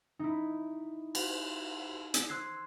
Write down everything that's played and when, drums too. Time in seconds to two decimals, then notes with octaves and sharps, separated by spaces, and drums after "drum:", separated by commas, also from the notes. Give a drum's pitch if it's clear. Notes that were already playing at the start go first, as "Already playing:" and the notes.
0.19 D#4 E4
1.15 drum: cymbal
2.14 drum: hi-hat
2.29 C5 E6 F#6 G#6 C7